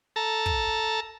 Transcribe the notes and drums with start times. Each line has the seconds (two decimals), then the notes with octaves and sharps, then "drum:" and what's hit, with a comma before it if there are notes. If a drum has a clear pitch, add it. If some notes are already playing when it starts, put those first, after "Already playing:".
0.16 A4 A5 A#5
0.46 drum: kick